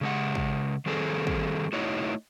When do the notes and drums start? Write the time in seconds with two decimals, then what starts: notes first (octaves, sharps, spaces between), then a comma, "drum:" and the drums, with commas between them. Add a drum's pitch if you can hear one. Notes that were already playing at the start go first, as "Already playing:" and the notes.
0.01 C#3 G#3 F#5
0.35 drum: kick
0.86 D#3 G3 C4 G#4 A4
1.27 drum: kick
1.73 A3 D#4 E4 F#4 C#5 D#5